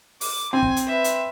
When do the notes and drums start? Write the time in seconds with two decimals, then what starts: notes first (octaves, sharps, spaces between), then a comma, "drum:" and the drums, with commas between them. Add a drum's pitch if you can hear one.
0.21 D6, drum: open hi-hat
0.53 C4 G#5
0.63 drum: kick
0.76 drum: hi-hat
0.86 B4 E5
1.04 drum: hi-hat